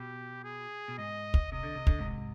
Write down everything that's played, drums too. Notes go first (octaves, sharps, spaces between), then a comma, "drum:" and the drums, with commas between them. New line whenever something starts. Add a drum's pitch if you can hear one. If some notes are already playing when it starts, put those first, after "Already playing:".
Already playing: B2 G4
G#4
B2
G#2 D#5
drum: kick
C3 D#5
D3
C3
D3, drum: kick
G#2 C3